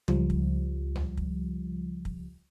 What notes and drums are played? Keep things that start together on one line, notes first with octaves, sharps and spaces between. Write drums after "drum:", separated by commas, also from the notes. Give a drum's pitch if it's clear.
C#2 F3 G3, drum: tom
drum: kick
drum: tom D2
drum: kick
drum: kick